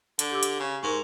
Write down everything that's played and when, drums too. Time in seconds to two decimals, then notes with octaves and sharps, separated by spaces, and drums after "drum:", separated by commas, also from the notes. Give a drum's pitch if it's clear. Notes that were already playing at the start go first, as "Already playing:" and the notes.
0.19 D3, drum: hi-hat
0.31 G4 D6 E6
0.43 drum: hi-hat
0.60 C#3
0.83 G#2 A#4 C6 C#6